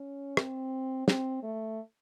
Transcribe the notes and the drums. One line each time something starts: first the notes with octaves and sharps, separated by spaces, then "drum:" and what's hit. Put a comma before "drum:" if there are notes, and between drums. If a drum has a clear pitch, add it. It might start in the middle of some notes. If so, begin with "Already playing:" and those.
Already playing: C#4
C4, drum: rim click
C4, drum: snare
A3